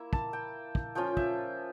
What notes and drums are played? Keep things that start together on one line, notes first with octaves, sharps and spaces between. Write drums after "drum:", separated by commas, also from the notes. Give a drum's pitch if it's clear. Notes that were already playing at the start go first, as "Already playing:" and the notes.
Already playing: A#3 E4 E5
A5, drum: kick
G5
drum: kick
F3 C#4 F4 G5
E5, drum: kick